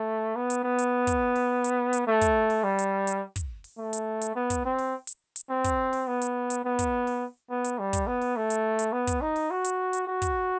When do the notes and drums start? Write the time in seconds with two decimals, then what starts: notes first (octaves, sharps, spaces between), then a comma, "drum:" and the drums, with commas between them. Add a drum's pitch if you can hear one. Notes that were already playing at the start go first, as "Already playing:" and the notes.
Already playing: A3
0.36 B3
0.50 drum: hi-hat
0.64 B3
0.78 drum: hi-hat
1.07 drum: kick, hi-hat
1.36 drum: open hi-hat
1.64 drum: hi-hat
1.93 drum: hi-hat
2.07 A3
2.21 drum: kick, hi-hat
2.50 drum: open hi-hat
2.64 G3
2.79 drum: hi-hat
3.07 drum: hi-hat
3.36 drum: kick, hi-hat
3.64 drum: open hi-hat
3.78 A3
3.93 drum: hi-hat
4.21 drum: hi-hat
4.36 B3
4.50 drum: kick, hi-hat
4.65 C4
4.79 drum: open hi-hat
5.07 drum: hi-hat
5.36 drum: hi-hat
5.50 C4
5.64 drum: kick, hi-hat
5.93 drum: open hi-hat
6.07 B3
6.21 drum: hi-hat
6.50 drum: hi-hat
6.65 B3
6.79 drum: kick, hi-hat
7.07 drum: open hi-hat
7.50 B3
7.64 drum: hi-hat
7.79 G3
7.93 drum: kick, hi-hat
8.07 B3
8.22 drum: open hi-hat
8.36 A3
8.50 drum: hi-hat
8.79 drum: hi-hat
8.93 B3
9.07 drum: kick, hi-hat
9.21 D#4
9.36 drum: open hi-hat
9.51 F#4
9.64 drum: hi-hat
9.93 drum: hi-hat
10.07 F#4
10.22 drum: kick, hi-hat